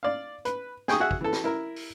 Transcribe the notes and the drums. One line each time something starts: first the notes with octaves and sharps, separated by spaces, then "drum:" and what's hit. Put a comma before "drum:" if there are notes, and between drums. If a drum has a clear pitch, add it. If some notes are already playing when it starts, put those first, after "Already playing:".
D5 F5
B4, drum: hi-hat
G#4 G5 C#6 D#6, drum: snare
F#4 G#4 E5 F#5
drum: kick
E3 A4
drum: snare
E4 A#4
drum: open hi-hat